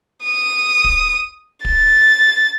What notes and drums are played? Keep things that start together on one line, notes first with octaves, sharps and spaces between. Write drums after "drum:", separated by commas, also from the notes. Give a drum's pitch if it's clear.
D#6
drum: kick D1
A6, drum: kick D1